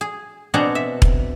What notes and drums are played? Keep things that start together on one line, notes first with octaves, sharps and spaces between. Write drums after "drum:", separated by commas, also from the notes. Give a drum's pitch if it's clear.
G#4
B2 C4 D4 G#4 F#5 A#5
E5
drum: kick E1